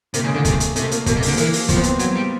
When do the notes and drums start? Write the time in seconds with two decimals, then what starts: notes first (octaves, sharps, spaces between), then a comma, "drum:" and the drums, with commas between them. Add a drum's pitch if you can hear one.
0.14 C3 A#3, drum: hi-hat
0.24 C#3 G#3
0.34 D3 A3
0.45 C3 A3, drum: kick, hi-hat
0.60 drum: hi-hat
0.76 C3 A3, drum: hi-hat
0.91 A#3, drum: hi-hat
1.06 B2 A#3, drum: kick, hi-hat
1.16 C3
1.22 D3 A#3, drum: open hi-hat
1.37 E3 A#3, drum: hi-hat
1.53 drum: open hi-hat
1.69 F3 C4, drum: kick, hi-hat
1.76 B3
1.83 C4, drum: hi-hat
1.99 F#3, drum: hi-hat
2.15 G3